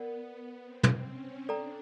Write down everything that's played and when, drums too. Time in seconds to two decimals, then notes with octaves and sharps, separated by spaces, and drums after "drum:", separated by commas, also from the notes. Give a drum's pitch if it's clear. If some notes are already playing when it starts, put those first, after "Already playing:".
Already playing: B3 A#4 D5 F#5
0.21 B3
0.63 C4
0.83 drum: tom
1.06 C#4
1.49 D4 A4 D5 G5 A#5